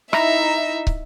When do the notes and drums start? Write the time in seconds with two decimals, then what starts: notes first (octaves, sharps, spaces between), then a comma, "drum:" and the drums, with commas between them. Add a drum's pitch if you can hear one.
0.13 D#4 E4 E5 A#5, drum: rim click
0.87 drum: kick